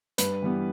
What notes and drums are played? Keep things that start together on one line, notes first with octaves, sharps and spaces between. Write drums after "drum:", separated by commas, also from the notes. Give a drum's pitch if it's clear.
G2 B4, drum: hi-hat
E3 G3 B3